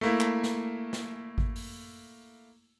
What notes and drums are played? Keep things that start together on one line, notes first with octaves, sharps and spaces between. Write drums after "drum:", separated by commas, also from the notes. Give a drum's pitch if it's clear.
A3 A#3 E4
drum: clap
drum: snare
drum: snare
drum: kick G#1
drum: open hi-hat